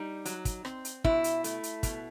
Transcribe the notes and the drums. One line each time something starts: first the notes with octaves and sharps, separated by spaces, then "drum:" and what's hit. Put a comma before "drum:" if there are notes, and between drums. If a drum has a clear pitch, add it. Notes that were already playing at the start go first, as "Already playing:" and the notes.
Already playing: G3 D#4
F#3, drum: hi-hat
drum: kick, hi-hat
C4, drum: rim click
drum: hi-hat
B2 E4, drum: kick
drum: hi-hat
A3, drum: hi-hat
drum: hi-hat
B2, drum: kick, hi-hat